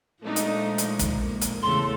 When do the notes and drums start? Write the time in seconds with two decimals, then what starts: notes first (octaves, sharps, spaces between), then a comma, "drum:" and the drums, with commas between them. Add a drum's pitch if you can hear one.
0.23 A#2 F3 G#3 A3 D4 D#4
0.36 drum: hi-hat
0.78 drum: hi-hat
0.99 drum: kick, hi-hat
1.19 A#3
1.42 drum: hi-hat
1.63 E2 C#3 A3 A4 C6